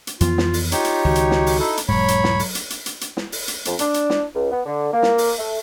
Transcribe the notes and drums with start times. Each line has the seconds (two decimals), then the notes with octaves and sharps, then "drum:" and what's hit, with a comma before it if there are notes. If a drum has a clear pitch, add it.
0.07 drum: hi-hat
0.21 F2 E3 B3 F4, drum: hi-hat
0.38 drum: snare
0.54 drum: open hi-hat
0.72 D#4 F4 G4 C#5, drum: hi-hat
0.85 drum: hi-hat
1.05 C#2 D#3 F#4
1.15 drum: hi-hat
1.31 drum: snare
1.46 drum: open hi-hat
1.59 D#4 E4 A4
1.77 drum: hi-hat
1.88 E1 G#2 F#3 C#5 B5
2.08 drum: hi-hat
2.24 drum: snare
2.39 drum: open hi-hat
2.55 drum: hi-hat
2.70 drum: hi-hat
2.86 drum: hi-hat
3.01 drum: hi-hat
3.17 drum: snare
3.32 drum: open hi-hat
3.48 drum: hi-hat
3.65 F2, drum: hi-hat
3.79 D4, drum: hi-hat
3.94 drum: hi-hat
4.10 drum: snare
4.34 C#2
4.51 B3
4.66 D3
4.92 A#3
5.03 drum: snare
5.18 drum: open hi-hat
5.38 A3